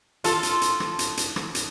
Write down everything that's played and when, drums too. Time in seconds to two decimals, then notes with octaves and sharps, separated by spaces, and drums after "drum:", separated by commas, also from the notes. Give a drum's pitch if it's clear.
0.24 F4 A4, drum: hi-hat
0.43 drum: hi-hat
0.62 drum: hi-hat
0.80 drum: rim click
0.99 drum: hi-hat
1.17 drum: hi-hat
1.36 drum: rim click
1.55 drum: hi-hat